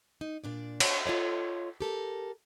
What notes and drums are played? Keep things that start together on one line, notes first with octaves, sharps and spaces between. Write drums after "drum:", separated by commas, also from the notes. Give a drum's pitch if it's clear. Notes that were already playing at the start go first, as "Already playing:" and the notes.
D#4
A#2 D4 D5
C#5, drum: cymbal
F4 A4 C#5 D#5
G4 A4 A#4